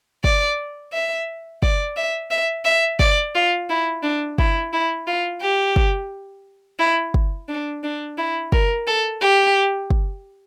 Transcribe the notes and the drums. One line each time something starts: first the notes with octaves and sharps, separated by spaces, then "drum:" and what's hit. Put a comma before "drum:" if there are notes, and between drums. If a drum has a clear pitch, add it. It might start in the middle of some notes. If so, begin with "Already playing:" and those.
D5, drum: kick
E5
D5, drum: kick
E5
E5
E5
D5, drum: kick
F4
E4
D4
E4, drum: kick
E4
F4
G4
drum: kick
E4
drum: kick
D4
D4
E4
A#4, drum: kick
A4
G4
drum: kick